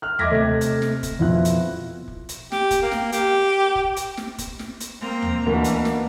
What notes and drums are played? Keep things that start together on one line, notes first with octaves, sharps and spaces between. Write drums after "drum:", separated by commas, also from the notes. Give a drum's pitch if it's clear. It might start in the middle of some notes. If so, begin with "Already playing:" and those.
F6 F#6
D#5 E5 D6 G#6 A#6 B6, drum: tom D#2
C3 A3
drum: hi-hat
drum: snare
drum: kick, hi-hat
F2 B2 E4 F4 F#6
drum: hi-hat
drum: kick
drum: hi-hat
G4, drum: snare
drum: kick, hi-hat
A#3
drum: snare
G4, drum: hi-hat
drum: kick
drum: hi-hat
drum: snare
drum: kick, hi-hat
drum: snare
drum: hi-hat
A#3 C4 A#5
drum: tom D#2
D2 B2 E3 A#3 D4
drum: hi-hat
drum: snare